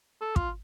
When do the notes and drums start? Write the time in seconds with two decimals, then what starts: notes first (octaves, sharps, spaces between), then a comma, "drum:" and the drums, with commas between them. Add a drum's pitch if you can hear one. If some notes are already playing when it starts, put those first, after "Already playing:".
0.21 A4
0.36 F4, drum: kick